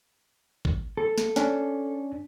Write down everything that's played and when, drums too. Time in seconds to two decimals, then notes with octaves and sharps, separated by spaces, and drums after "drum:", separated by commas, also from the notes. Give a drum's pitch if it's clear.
0.65 drum: kick
0.97 A4
1.18 drum: snare
1.36 C#4 D4, drum: snare